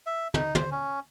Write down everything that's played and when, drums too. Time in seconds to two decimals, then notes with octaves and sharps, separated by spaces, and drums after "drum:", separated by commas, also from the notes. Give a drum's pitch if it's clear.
0.06 E5
0.34 D#4, drum: tom
0.55 C5, drum: tom
0.71 C#4